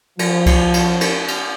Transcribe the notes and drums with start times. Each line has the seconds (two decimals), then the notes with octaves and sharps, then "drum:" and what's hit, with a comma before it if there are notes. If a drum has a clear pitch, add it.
0.19 F3, drum: cymbal
0.46 drum: kick C2, cymbal
0.74 drum: cymbal
1.01 drum: cymbal
1.28 drum: cymbal